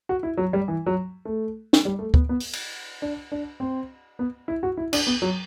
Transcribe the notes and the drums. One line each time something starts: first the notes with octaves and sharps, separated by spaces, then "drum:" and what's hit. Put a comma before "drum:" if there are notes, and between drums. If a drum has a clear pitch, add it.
F#4
E4
F#3
G3
E3
F#3
A3
drum: snare
G3
A3
B3, drum: kick
B3
drum: open hi-hat
drum: cymbal
D4
D4
C4
B3
E4
F#4
E4
D4, drum: cymbal
B3
F#3